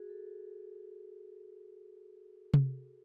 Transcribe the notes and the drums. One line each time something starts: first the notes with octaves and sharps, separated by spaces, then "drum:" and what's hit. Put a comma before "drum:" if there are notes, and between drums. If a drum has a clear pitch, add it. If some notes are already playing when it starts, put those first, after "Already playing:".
Already playing: F#4 G#4
A4
drum: tom C3